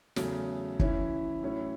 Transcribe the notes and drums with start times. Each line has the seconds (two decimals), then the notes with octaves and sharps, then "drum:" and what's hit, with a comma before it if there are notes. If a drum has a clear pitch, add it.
0.16 E2 C#3 F#3 A3, drum: snare
0.79 E3 C#4 E4, drum: kick
1.43 A2 F#3 C#4 E4 C#5